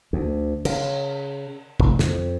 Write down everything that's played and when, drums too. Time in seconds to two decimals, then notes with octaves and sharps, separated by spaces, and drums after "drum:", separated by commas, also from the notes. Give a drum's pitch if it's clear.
0.13 D2
0.65 C#3, drum: cymbal
1.80 F1, drum: kick
1.99 F2, drum: snare